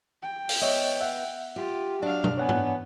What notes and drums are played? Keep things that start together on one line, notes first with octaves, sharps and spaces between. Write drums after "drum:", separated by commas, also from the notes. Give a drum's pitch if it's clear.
G5
drum: open hi-hat
B3 C#5 D#5 E5
E5 F#5
F4 G4
F#3 D4 D5 F5 A5
drum: tom B2
B3 C#5 F#5 G#5
drum: tom G#2